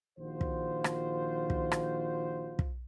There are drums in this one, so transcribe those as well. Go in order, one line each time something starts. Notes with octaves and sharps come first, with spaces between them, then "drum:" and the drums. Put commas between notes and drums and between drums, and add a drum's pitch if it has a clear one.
A#1 D#3 F4 F#4 C5
drum: kick
drum: rim click
drum: kick
drum: rim click
drum: kick